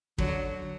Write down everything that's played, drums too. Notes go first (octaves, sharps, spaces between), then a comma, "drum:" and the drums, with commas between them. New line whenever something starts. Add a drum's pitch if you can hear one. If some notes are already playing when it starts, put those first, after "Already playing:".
D3 F#3, drum: kick